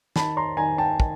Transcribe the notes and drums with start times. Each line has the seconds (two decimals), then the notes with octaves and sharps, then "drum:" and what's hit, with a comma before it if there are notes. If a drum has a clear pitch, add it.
0.16 D#3 A5 B5, drum: snare
0.37 A#5 C6
0.57 D#3 G#5 A#5
0.78 G5 A5
1.00 D#3, drum: kick